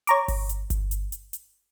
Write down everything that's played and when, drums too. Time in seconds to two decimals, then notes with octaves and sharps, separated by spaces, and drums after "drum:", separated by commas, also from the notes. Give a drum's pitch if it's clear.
0.07 C#5 A#5 D6, drum: hi-hat
0.28 drum: kick G1, open hi-hat
0.49 drum: hi-hat
0.70 drum: kick G1, hi-hat
0.91 drum: hi-hat
1.12 drum: hi-hat
1.33 drum: hi-hat